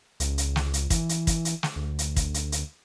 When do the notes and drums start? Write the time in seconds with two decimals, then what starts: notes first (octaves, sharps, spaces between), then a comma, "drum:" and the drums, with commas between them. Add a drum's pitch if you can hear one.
0.20 C#2, drum: hi-hat
0.38 drum: hi-hat
0.56 drum: snare
0.74 drum: hi-hat
0.90 E3, drum: kick, hi-hat
1.09 drum: hi-hat
1.27 drum: kick, hi-hat
1.45 drum: hi-hat
1.63 drum: snare
1.76 D2
1.99 drum: hi-hat
2.16 drum: kick, hi-hat
2.34 drum: hi-hat
2.52 drum: hi-hat